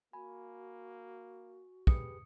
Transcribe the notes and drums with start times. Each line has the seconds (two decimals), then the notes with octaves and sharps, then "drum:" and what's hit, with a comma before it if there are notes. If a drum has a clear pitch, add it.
0.13 A#3 F#4 G#5 B5
1.87 G4 G#4 B4 D#6 C#7, drum: kick